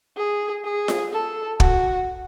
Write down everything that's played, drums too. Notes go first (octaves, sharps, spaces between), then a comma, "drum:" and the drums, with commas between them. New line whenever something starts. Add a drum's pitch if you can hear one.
G#4
G#4
drum: snare F4
A4
F#4, drum: kick